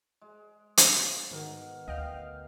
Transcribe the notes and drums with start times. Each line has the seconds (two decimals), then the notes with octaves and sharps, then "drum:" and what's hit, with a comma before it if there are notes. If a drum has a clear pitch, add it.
0.21 G#3
0.77 drum: hi-hat
1.31 G#2 B2 D#3 A#4 F#5
1.88 D2 D#5 F5 G5 F6